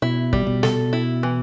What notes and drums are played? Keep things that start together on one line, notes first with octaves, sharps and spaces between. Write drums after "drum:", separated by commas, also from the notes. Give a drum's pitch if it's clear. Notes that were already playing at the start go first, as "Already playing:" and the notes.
B2 E4
G3, drum: kick
B2
A4, drum: snare
E4
E3